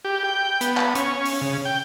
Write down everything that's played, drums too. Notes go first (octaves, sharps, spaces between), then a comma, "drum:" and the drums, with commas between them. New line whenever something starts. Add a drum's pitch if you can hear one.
G4
G5
B3, drum: hi-hat
drum: clap
C#4, drum: hi-hat
drum: open hi-hat
C#3
G5